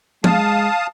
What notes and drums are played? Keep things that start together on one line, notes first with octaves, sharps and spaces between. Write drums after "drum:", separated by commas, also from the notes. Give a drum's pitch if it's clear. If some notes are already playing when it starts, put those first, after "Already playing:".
G#3 F5 A5 D#6, drum: tom F3